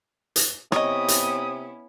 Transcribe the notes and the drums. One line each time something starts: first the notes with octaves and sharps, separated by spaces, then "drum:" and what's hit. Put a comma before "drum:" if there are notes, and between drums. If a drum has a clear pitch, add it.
drum: hi-hat
C3 B3 C#4 E4 C#5 D#5 D#6, drum: rim click
drum: hi-hat